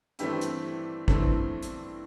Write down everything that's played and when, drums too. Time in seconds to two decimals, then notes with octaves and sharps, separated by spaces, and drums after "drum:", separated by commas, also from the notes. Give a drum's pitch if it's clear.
0.19 G2 E3 A3 C4 E4 G4, drum: hi-hat
0.41 drum: hi-hat
1.08 G2 E3 A3 C4, drum: kick
1.62 drum: hi-hat